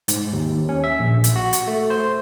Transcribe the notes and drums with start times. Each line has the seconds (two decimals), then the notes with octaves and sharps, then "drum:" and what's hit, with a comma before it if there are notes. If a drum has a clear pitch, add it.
0.08 G#2, drum: hi-hat
0.33 D#2
0.69 C#4
0.84 E5
0.99 A#1
1.24 drum: hi-hat
1.36 F#4
1.53 drum: hi-hat
1.67 A3
1.90 C5